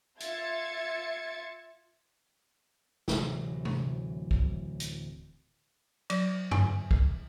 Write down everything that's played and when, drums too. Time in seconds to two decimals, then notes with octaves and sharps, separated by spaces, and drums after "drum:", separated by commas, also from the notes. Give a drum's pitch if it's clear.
0.20 F4 E5 G#6 A6 C#7, drum: hi-hat
3.08 D1 C3 E3 F#3, drum: snare
3.65 drum: tom
4.31 drum: kick
4.80 drum: hi-hat
6.10 F#3, drum: cymbal
6.51 G#5, drum: tom F#2
6.91 drum: kick